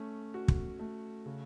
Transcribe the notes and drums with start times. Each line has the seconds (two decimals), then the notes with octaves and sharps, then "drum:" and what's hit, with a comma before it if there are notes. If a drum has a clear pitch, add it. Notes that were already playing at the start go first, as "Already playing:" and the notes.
Already playing: A3 C#4
0.34 F#4
0.48 drum: kick
0.79 A3
1.26 C#3